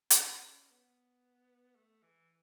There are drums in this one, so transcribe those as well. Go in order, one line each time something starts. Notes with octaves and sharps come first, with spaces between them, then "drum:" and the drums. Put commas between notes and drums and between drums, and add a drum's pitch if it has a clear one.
B3, drum: hi-hat
C#4
C#4
B3
A3
E3